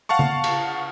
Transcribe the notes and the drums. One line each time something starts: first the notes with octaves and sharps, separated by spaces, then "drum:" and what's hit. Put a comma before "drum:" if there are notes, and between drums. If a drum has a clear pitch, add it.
F5 F#5 A5 C#6
drum: tom C#3
drum: cymbal